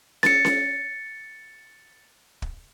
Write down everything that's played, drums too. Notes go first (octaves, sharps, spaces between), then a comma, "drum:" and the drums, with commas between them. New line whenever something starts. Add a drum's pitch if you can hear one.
A6 C#7, drum: snare
drum: snare
drum: kick